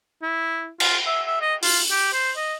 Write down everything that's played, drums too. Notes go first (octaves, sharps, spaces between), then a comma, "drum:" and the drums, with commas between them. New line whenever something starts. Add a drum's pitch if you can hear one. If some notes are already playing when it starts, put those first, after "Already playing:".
E4
F4, drum: cymbal
E5
E5
D#5
F4, drum: open hi-hat
G4
C5
D#5